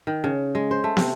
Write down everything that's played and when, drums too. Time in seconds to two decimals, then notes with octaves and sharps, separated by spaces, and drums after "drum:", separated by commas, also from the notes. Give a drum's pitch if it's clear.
0.07 D#3
0.24 C#3
0.55 G#3
0.71 C5
0.84 A3
0.97 C3, drum: snare